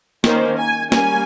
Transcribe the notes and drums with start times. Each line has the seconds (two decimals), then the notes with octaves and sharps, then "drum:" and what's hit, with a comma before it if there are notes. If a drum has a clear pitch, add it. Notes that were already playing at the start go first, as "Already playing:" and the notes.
0.24 D#3 A#3 C#4 C5, drum: snare
0.58 G#5
0.92 G3 A#3 C#4 G#5, drum: snare